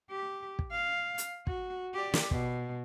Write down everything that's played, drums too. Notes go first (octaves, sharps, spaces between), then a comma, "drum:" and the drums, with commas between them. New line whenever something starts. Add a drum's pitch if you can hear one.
G4
drum: kick
F5
drum: hi-hat
F#4, drum: kick
G4 D5
drum: snare
B2, drum: kick